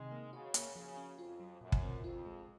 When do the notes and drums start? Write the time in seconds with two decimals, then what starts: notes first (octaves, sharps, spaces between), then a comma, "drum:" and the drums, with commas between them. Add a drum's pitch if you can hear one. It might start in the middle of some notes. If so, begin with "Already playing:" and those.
Already playing: C3 D#3 G#3 C4 D#4
0.11 A#3
0.33 C#3 F#4
0.54 A#3, drum: hi-hat
0.75 C#3 F3
0.97 C#4
1.18 F2 F4
1.40 F#3
1.61 F#2 A#2
1.72 drum: kick
1.83 C4
2.04 F2 F4
2.25 G#3